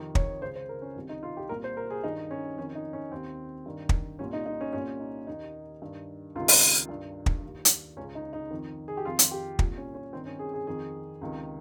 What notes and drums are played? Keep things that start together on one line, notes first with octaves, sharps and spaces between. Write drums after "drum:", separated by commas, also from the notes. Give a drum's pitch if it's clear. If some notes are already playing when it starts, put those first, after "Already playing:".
Already playing: F2 C3 D#3
C#5, drum: kick
C#2 C#3 C5
C5
A#4
C#4
C2 C3 D#3
D#4
F4
G4
C2 A#2 A#4
C5
A#4
G#4
G2 D#3 D#4
C#4
F2 D#3 C#4
D#4
C#4
D#2 D#3 C4
G2 D#3
drum: kick
C2 A#2 C#4
D#4
D#4
C#4
C2 A#2 C#4
D#4
D#2 D#3 D#4
G2 D#3
C#2 C3 D#3 F4
drum: open hi-hat
G2 D#3
drum: kick
D#2 D#3
drum: hi-hat
C#2 C#4
C#3
D#4
D#4
F2 D#3
G#4
G4
F2 D#3 F4
drum: hi-hat
G4
C2 A#2, drum: kick
C#4
C#4
G2 D#3 C4
C#4
G#4
G#4
F2 D#3 G#4
C#2 C3 D#3